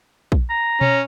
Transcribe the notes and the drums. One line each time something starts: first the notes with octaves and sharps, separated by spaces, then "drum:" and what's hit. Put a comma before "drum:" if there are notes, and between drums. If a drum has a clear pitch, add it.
drum: kick A#1
A#5
C#4, drum: tom B2